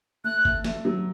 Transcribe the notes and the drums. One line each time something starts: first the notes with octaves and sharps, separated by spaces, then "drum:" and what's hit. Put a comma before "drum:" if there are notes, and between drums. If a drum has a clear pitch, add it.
A3 F#6
A3, drum: kick
A3, drum: snare
F#3